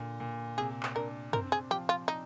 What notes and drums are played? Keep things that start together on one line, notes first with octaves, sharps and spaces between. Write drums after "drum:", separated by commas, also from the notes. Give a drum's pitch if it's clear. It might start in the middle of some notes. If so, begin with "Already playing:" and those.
Already playing: A#2 D3
A#2
C3 G#4
drum: clap
D4 A#4
C4 A#4, drum: tom F#2
G#4
F3 G4
F4
D#4